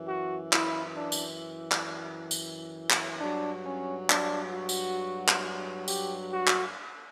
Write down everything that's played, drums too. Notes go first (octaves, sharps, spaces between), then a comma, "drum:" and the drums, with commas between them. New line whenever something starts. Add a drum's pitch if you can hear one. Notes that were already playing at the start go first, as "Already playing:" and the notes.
Already playing: F#2 E3
F#4
E4, drum: clap
D4
drum: tambourine
drum: clap
drum: tambourine
drum: clap
G2 F#3 D4
C#4
D4, drum: clap
F#4
drum: tambourine
drum: clap
G4, drum: tambourine
F#4
drum: clap